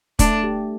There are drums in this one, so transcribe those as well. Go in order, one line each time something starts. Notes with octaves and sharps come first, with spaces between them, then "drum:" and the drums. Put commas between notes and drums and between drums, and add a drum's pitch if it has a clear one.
A3 D4, drum: kick, hi-hat
G4